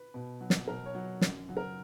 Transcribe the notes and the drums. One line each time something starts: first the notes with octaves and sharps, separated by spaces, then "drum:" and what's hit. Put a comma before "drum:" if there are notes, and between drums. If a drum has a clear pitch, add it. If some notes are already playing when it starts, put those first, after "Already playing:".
Already playing: B4
B2
F#3
drum: snare
B2 A#4
C#5
F#3
F#2, drum: snare
C#3 F#3
A#4